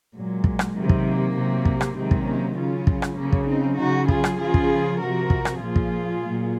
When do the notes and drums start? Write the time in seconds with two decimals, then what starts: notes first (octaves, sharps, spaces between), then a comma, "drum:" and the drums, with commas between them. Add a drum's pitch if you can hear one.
0.14 A#2 F#3 G#3
0.44 drum: kick
0.59 drum: rim click
0.74 C3 D#3 F#3
0.89 drum: kick
1.04 A#3
1.35 C3 F#3
1.65 drum: kick
1.81 drum: rim click
1.96 C3 D#3 F#3 G#3 C4
2.11 drum: kick
2.26 A#3 C#4
2.57 C#3 F#3 C#4 F4
2.87 drum: kick
3.02 drum: rim click
3.17 C#3 F#3 A#3 C#4
3.33 drum: kick
3.48 C4 D#4
3.78 C#3 F#3 D#4 F#4
4.08 F4 G#4, drum: kick
4.24 drum: rim click
4.39 C#3 F3 F4 G#4
4.54 drum: kick
4.99 F3 F#4 A#4
5.05 C3
5.30 drum: kick
5.45 drum: rim click
5.60 A#2 F3 F4 G#4
5.76 drum: kick
6.21 A#2 F#3